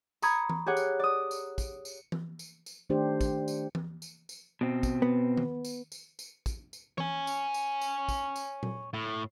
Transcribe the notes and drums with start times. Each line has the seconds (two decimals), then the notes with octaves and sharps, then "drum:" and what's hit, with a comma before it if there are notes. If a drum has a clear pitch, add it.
0.22 A#5 B5 C#6 D#6 G#6, drum: tambourine
0.50 drum: tom E3
0.66 G4 G#4 C#5 F#5
0.77 drum: tambourine
0.99 D5 D#6
1.31 drum: tambourine
1.58 drum: kick, tambourine
1.85 drum: tambourine
2.12 drum: tom E3
2.39 drum: tambourine
2.66 drum: tambourine
2.90 D#3 A3 D4 G4 C5
3.21 drum: kick, tambourine
3.48 drum: tambourine
3.75 drum: tom E3
4.02 drum: tambourine
4.29 drum: tambourine
4.61 B2 C4
4.83 drum: kick, tambourine
5.02 B3
5.37 drum: tom D#3
5.65 drum: tambourine
5.92 drum: tambourine
6.19 drum: tambourine
6.46 drum: kick, tambourine
6.73 drum: tambourine
6.98 C#5 G#5, drum: tom E3
7.27 drum: tambourine
7.54 drum: tambourine
7.81 drum: tambourine
8.09 drum: kick, tambourine
8.36 drum: tambourine
8.63 drum: tom A#2
8.94 A2